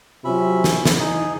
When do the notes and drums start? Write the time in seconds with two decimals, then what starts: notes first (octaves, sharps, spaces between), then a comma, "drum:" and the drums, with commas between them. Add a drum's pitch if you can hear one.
0.25 C3 F#3 C#4 F4 E5 B5
0.64 drum: snare
0.85 drum: snare
0.99 D#4 E4 G#4